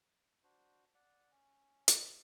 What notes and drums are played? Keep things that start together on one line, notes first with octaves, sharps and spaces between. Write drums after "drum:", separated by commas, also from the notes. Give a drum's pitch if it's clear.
D4 F#4 C5
D5 F#5
C#4
drum: hi-hat